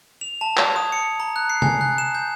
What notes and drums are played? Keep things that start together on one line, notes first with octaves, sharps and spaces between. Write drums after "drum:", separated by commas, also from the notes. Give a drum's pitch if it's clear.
F7
A5
G#6, drum: clap
D#6
C#7
A#5
F#6
C7
G#5, drum: tom C3
F#6
E7
G6